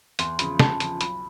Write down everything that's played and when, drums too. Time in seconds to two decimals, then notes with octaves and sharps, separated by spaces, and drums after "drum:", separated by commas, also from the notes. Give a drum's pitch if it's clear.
0.19 E2 C6, drum: hi-hat
0.39 C#3 F3 B5, drum: hi-hat
0.60 E2 A5, drum: snare
0.80 C#3 F3, drum: hi-hat
1.01 B1 B5, drum: hi-hat